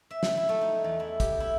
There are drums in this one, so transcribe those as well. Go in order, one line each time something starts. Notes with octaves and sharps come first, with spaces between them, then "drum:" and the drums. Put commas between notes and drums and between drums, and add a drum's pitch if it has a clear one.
E5
B5, drum: snare
E4
A3
D#4
E2
E4
G4, drum: kick, hi-hat
E4